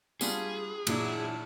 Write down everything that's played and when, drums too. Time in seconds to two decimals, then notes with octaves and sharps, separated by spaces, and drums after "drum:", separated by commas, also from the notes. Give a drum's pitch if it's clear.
0.21 G3 B3 D4 F4 G#4, drum: tambourine
0.87 E2 A#2 F#3 D4 E4 F#4, drum: cymbal